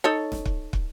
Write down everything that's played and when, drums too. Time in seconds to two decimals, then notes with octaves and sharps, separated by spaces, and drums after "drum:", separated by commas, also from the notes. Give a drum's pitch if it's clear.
0.04 D#4 A4 C#5
0.32 drum: snare
0.45 drum: kick
0.73 drum: kick